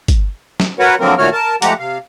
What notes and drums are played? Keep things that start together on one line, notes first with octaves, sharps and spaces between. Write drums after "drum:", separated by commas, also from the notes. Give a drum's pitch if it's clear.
drum: kick, hi-hat
drum: snare
F#4 A#4 B4 C#5 F#5
D3 F3 F#3 A#3 C4 A#4
A#2 D#3 A3 F#4 C#5 F6
A#4 A5
F3 G#3 A3 G4 F#5 A#5, drum: hi-hat
C3 F5